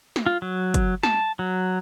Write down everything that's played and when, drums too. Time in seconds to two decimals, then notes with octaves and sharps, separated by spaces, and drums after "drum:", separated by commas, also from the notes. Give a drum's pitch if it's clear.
0.16 drum: snare
0.26 F4
0.42 F#3
0.74 drum: kick, hi-hat
1.03 A5, drum: snare
1.39 F#3